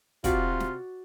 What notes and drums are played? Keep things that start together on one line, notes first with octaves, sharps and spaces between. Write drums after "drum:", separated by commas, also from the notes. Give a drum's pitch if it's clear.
C3 F4 F#4 D5, drum: kick, hi-hat
drum: snare